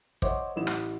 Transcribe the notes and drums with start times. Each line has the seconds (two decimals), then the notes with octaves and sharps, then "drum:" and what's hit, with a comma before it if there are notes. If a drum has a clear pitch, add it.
0.22 C5 C#5 D#5 E5 F#5 D6, drum: kick
0.56 A1 E4 E7
0.67 drum: rim click